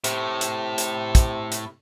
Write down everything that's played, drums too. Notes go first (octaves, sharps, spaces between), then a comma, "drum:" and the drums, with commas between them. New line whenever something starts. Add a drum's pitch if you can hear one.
A2 C3, drum: hi-hat
drum: hi-hat
drum: hi-hat
drum: kick, hi-hat
drum: hi-hat